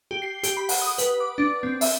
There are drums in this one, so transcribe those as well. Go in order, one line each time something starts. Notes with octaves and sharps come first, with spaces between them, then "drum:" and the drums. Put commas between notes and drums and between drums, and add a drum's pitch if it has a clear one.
G4
C7
G4, drum: hi-hat
B5
F#5, drum: open hi-hat
D#6
B4, drum: hi-hat
D6
D4
C4
E5, drum: open hi-hat